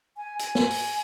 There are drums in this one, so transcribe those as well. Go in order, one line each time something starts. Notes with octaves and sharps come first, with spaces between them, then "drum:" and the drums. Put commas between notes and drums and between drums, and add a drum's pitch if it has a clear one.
G#5
G#5, drum: hi-hat
drum: snare
drum: open hi-hat